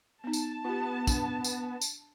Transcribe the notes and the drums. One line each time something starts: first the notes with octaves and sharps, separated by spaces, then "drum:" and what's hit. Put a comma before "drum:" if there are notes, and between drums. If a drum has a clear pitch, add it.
B3 D#4 A5
drum: tambourine
B3 F4 G4
D4, drum: kick, tambourine
drum: tambourine
drum: tambourine